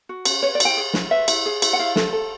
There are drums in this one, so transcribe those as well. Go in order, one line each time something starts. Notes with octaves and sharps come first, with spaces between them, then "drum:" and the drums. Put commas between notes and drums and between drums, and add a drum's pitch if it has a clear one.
F#4
C#4, drum: cymbal
B4 C#5
D5
E4 G5, drum: cymbal
G#4
E4, drum: snare
B4 E5
E4, drum: cymbal
G#4
E4, drum: cymbal
F#5
E4 F5
A4, drum: snare
A4